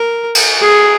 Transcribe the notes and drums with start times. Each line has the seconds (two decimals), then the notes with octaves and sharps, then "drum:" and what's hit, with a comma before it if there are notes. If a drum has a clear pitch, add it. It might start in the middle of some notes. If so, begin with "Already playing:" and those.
Already playing: A#4
0.35 drum: cymbal
0.61 G#4